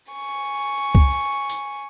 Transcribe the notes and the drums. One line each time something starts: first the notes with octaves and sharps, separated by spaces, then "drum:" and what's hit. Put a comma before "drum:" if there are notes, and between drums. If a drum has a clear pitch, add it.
G#5 C#6
drum: kick C2
drum: tambourine